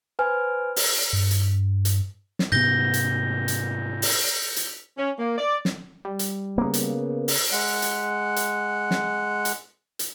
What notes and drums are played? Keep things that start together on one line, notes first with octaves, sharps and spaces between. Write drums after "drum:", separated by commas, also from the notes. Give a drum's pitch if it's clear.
B4 C5 G#5 F6
drum: open hi-hat
G2
drum: hi-hat
drum: hi-hat
drum: snare
G#2 C3 B3 G6 A#6 G7
drum: hi-hat
drum: hi-hat
drum: open hi-hat
drum: hi-hat
C#4
A#3
D5
drum: snare
G3
drum: hi-hat
C#3 A#3 B3
drum: hi-hat
drum: open hi-hat
G#3 F#5
drum: hi-hat
drum: hi-hat
drum: snare
drum: hi-hat
drum: hi-hat